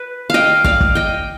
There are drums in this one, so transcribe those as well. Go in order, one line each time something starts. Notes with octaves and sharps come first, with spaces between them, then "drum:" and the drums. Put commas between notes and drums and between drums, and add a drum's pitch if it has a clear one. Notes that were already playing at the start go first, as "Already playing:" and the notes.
Already playing: B4
D#5 F5 G5
D5 F5, drum: kick
drum: kick
D#5 G5